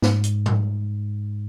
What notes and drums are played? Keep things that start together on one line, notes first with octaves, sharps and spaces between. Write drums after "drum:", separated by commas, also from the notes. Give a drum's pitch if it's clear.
G#2, drum: snare
drum: hi-hat
drum: tom G#2